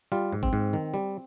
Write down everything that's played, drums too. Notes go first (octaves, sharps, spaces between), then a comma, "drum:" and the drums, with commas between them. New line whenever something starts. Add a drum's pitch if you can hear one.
G3 F4
G#2
C4, drum: kick
G#2
D#3
G3